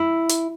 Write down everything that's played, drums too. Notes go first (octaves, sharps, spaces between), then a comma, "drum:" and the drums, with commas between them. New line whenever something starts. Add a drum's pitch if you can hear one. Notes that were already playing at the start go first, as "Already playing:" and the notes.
Already playing: E4
drum: hi-hat